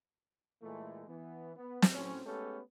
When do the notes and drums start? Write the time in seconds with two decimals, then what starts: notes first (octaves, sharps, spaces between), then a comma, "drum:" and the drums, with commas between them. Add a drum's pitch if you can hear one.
0.62 A#2 E3 G#3 A3
1.08 E3 B3
1.56 B3
1.82 drum: snare
1.94 A2 F#3 C4 C#4
2.25 G#3 A3 B3 C#4 G4 A4